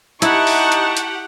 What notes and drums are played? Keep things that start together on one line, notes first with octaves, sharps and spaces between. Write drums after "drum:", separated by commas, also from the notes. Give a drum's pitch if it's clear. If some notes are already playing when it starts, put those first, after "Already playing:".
D#4 E4 G4 F#5 A5 C#6, drum: hi-hat
drum: open hi-hat
drum: hi-hat
drum: hi-hat